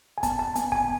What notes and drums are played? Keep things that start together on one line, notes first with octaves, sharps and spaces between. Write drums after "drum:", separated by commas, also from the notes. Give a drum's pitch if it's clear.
G#5
B3 A5, drum: kick, hi-hat
A5
B3 G#5, drum: hi-hat
G#5, drum: kick